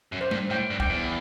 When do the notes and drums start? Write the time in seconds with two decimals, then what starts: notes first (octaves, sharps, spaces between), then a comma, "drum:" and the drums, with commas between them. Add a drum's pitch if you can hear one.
0.12 F#2
0.21 C5
0.31 G2, drum: tom G3
0.50 A2 G5
0.70 G2
0.80 G5, drum: kick
0.90 E2